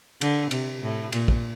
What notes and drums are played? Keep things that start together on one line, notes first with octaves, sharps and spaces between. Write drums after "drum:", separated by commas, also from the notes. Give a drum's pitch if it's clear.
D3, drum: cymbal
C3, drum: cymbal
A2
A#2, drum: cymbal
drum: kick